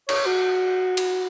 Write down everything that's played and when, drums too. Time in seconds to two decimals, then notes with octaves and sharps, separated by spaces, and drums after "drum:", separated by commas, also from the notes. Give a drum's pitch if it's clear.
0.09 C#5, drum: cymbal
0.26 F#4
0.97 drum: cymbal